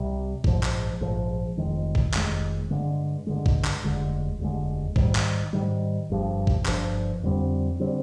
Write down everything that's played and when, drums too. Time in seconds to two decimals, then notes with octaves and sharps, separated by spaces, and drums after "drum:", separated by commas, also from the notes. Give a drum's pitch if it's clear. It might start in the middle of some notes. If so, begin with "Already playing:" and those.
Already playing: C2 C3 G3
0.44 A#1 G#2 F3, drum: kick A1
0.63 drum: clap
1.01 A#1 G#2 F3
1.58 F1 F2 D#3 G#3
1.95 drum: kick A1
2.14 F1 F2 D#3 G#3, drum: clap
2.70 G2 D3 G#3
3.27 G2 D3 G#3
3.46 drum: kick A1
3.65 drum: clap
3.84 F1 D#2 D3 G#3
4.40 F1 D#2 D3 G#3
4.96 G#2 D#3 G3, drum: kick A1
5.15 drum: clap
5.53 G#2 D#3 G3
6.10 G1 G2 F3
6.47 drum: kick A1
6.66 G1 G2 F3, drum: clap
7.23 F2 D3 G3 C4
7.80 D3 G3 C4